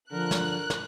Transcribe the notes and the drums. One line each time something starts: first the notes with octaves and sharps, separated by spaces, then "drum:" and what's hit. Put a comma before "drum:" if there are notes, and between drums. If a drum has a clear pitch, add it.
D3 F3 A#4 F#6
drum: snare
drum: snare